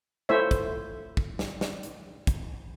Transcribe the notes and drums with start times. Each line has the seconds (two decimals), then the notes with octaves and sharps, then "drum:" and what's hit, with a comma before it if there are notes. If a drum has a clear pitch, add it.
0.29 A3 E4 F4 C5 C#5 E5
0.51 drum: kick, hi-hat
1.17 drum: kick
1.39 drum: snare
1.61 drum: snare
1.83 drum: hi-hat
2.27 drum: kick, hi-hat